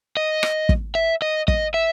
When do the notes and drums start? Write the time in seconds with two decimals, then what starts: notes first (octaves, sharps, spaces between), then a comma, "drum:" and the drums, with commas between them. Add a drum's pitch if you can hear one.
0.17 D#5
0.43 drum: rim click
0.69 drum: kick
0.95 E5
1.22 D#5
1.48 D#5, drum: kick
1.74 E5